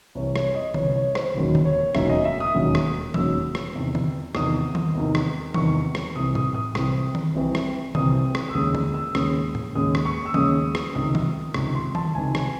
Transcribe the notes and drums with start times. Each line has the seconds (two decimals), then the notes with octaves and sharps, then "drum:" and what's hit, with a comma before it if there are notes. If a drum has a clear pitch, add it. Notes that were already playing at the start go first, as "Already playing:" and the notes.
0.15 C2 C3 E3 C#5
0.36 C#5, drum: rim click
0.55 D#5
0.74 C2 C3 E3 C#5, drum: tom D3
0.95 C#5
1.15 C5, drum: rim click
1.34 E1 D#2 D#3 F#3 C#4
1.55 drum: tom D3
1.65 C#5
1.95 E1 D#2 D#3 F#3 C#4 E5, drum: rim click
2.09 D#5
2.25 E5
2.40 D#6
2.55 E1 D#2 D#3 F#3 C#4
2.75 drum: rim click
3.14 E1 D#2 D#3 F#3 C#4 E6, drum: tom D#3
3.55 drum: rim click
3.74 E2 C3 D#3
3.95 drum: tom D3
4.35 E2 C3 D#3 D#6, drum: rim click
4.75 drum: tom D#3
4.95 E2 C3 D#3
5.15 drum: rim click
5.54 E2 C3 D#3 C#6, drum: tom D#3
5.95 drum: rim click
6.15 C2 C3 E3 C4 D#6
6.35 D#6, drum: tom A2
6.54 D#6
6.75 C2 C3 E3 C4 D#6, drum: rim click
7.15 drum: tom D#3
7.34 C2 C3 E3 C4
7.55 drum: rim click
7.95 C2 C3 E3 C4 D#6, drum: tom D3
8.35 drum: rim click
8.49 E6
8.55 D#2 C#3 G#3 C#4 D#6
8.75 E6, drum: tom D3
8.94 E6
9.15 D#2 C#3 G#3 C#4 D#6, drum: rim click
9.55 drum: tom A2
9.75 D#2 C#3 G#3 C#4 D#6
9.95 drum: rim click
10.05 C#6
10.25 E6
10.34 D#2 C#3 G#3 C#4 D#6, drum: tom D#3
10.75 drum: rim click
10.95 C#2 C3 D#3 D#6
11.15 drum: tom D#3
11.54 C#2 C3 D#3 C#6, drum: rim click
11.75 C6
11.95 A5, drum: tom D#3
12.15 C#2 C3 D#3 G#5
12.35 drum: rim click